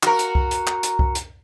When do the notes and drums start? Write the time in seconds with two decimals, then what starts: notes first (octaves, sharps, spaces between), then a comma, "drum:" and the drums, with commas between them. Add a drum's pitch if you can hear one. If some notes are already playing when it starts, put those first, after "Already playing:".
0.03 F#4 A#4, drum: clap
0.19 drum: hi-hat
0.35 drum: kick C2
0.51 drum: hi-hat
0.67 drum: clap
0.83 drum: hi-hat
0.99 drum: kick C2
1.15 drum: hi-hat